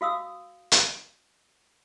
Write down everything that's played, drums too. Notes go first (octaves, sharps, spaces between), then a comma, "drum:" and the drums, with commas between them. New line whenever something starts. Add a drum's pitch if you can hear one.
F#4 F5 D#6 E6
drum: hi-hat